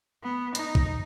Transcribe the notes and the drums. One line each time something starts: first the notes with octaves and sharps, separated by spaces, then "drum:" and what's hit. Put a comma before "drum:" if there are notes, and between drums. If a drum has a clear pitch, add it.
B3
D#4, drum: hi-hat
drum: kick C2